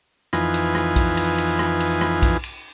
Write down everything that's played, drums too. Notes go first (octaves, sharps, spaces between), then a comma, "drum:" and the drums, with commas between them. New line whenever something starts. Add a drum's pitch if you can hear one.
F2 E3 D#4 F4 B4 G#5, drum: rim click
drum: cymbal
drum: rim click
drum: kick B1, cymbal
drum: cymbal
drum: cymbal
drum: rim click
drum: cymbal
drum: rim click
drum: kick B1, cymbal
drum: cymbal